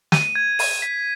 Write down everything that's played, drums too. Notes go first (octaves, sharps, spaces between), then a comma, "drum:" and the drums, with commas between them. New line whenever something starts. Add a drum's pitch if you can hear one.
D#7, drum: snare
G#6
D#7, drum: open hi-hat
B6